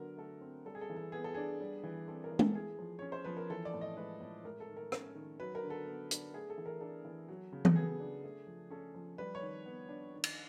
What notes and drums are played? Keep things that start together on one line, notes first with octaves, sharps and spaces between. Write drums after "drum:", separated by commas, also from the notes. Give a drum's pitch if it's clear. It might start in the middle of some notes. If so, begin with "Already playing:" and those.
Already playing: D3 F#3 B3 A#4
A3 A4
C4
G3 A4
G#4
A4
E3
A4
B3 G#4
A4
D4 G#4
G3
E3
C4 A4
A#4
E3
A4, drum: tom G#3
A3 G#4
F3
C#4 C#5
C5
F3 B4
A#4
E3 A4
D5
A2
D#5
G#3 B4
A2
G#3 A#4
A4
D#3
A#4
C#4, drum: rim click
D#3
F#3 B4
A#4
D3
A4
B3
D4, drum: hi-hat
A3 G#4
A4
E3
A#4
D4 A4
E3
F#3
C#3
A4, drum: tom E3
B3 G#4
D4
A3
F3
C#4 A4
F3
G3 B4
C#5
D#3
B3
D4
D#3
drum: cymbal